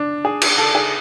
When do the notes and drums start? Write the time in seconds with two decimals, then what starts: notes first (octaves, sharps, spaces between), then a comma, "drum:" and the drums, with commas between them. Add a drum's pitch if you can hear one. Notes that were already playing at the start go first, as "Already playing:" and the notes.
Already playing: D4
0.25 G#4
0.41 drum: cymbal
0.58 A4
0.75 G#4